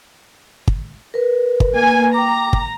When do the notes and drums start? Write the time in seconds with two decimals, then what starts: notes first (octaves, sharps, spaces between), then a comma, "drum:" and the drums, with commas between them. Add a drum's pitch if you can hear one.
0.68 drum: kick
1.14 A#4 B4
1.60 drum: kick
1.74 A#3 G#5
2.14 G5 A#5 D6
2.53 drum: kick